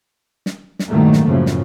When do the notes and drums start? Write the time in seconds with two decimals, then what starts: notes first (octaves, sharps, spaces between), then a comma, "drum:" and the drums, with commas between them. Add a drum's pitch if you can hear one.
0.46 drum: snare
0.79 drum: snare
0.89 G2 A#2 D#3 F#3 A3 A#3
1.13 drum: snare
1.30 F#2 A2 C#3 F3
1.46 drum: snare